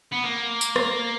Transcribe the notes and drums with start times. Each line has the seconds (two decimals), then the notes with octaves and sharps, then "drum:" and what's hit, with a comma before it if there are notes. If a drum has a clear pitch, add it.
0.12 B3
0.24 A#3
0.61 drum: tambourine
0.76 drum: rim click